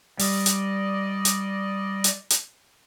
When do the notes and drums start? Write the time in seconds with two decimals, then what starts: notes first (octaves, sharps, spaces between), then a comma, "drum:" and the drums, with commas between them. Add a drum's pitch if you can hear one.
0.19 G3 D5 D#5, drum: open hi-hat
0.46 drum: hi-hat
1.25 drum: hi-hat
2.04 drum: hi-hat
2.30 drum: hi-hat